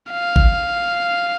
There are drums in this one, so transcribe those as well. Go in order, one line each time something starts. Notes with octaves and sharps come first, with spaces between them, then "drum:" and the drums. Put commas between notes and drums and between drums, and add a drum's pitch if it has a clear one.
F5
drum: kick G#1